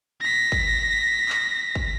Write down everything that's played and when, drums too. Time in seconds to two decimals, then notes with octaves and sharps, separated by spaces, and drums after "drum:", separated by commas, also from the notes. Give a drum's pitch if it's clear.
0.21 A#6 B6
0.52 drum: kick
1.29 drum: clap
1.75 drum: kick